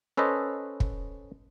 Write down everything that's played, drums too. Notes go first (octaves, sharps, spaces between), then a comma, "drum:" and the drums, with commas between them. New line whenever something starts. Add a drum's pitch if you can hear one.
C#4 A4 B4 C5 D#5
drum: kick